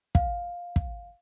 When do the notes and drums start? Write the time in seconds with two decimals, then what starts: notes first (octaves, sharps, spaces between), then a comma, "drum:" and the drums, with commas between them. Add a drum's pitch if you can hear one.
0.15 F5, drum: kick
0.76 drum: kick